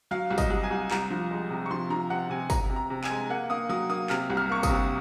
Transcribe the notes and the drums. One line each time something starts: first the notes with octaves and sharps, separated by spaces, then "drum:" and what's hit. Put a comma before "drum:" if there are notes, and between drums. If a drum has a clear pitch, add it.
F#3 F5
C2
D#5, drum: kick, tambourine
C2
G#5
C2
C2 A#5, drum: clap
F3
G#3
C3
C#6
F3 C6
F3 A#5
C3 F#5
C3 G#5
C3 A#5, drum: kick, tambourine
C3
A#5
C3
G#5, drum: clap
G#3
A#3 F#5
A#3 D#6
F#3 D#6
A#3 D#6
C3 F6, drum: clap
C2
F6
A#3 C#6
D#6, drum: kick, tambourine
C3